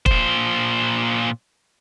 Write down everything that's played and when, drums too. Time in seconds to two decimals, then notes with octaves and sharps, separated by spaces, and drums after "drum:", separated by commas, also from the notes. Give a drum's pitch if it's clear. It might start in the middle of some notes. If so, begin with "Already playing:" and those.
0.06 A#2 C5, drum: kick